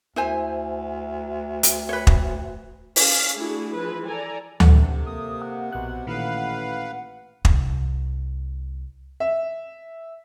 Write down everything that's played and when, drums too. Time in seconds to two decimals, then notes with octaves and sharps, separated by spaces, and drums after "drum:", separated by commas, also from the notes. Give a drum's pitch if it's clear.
0.16 D2 E4 C5 G#5
1.63 drum: hi-hat
1.89 B4 C#5
2.07 drum: kick
2.96 C#4 F5, drum: open hi-hat
3.34 A3 D4 E4 F#4 G#4
3.75 E3 F3 G#4 B4
4.06 A4 D5 G#5 A#5
4.60 G2 C3 A4 F#5, drum: tom D2
5.06 A#3 D#6
5.42 F#5
5.72 A#1 B2 F#6
6.07 A1 A#2 D#3 B4 F5
7.45 C2, drum: kick
9.20 E5